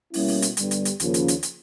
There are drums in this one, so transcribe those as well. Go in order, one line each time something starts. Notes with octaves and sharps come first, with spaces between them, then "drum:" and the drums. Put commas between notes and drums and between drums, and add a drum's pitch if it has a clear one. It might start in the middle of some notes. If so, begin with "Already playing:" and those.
B2 G3 A#3 C#4 E4, drum: open hi-hat
drum: open hi-hat
drum: hi-hat
G2 D3 G3 B3, drum: hi-hat
drum: hi-hat
drum: hi-hat
D#2 C#3 F3 A#3 C#4, drum: hi-hat
drum: hi-hat
drum: hi-hat
drum: hi-hat